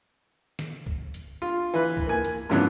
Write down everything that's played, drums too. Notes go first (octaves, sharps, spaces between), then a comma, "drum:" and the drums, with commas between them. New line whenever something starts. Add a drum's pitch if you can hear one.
drum: snare
drum: kick B1
drum: hi-hat
F4
E3 B4
drum: kick B1
A#3 G#5
drum: hi-hat
G#2 C#3 E3 F#3 B3 D4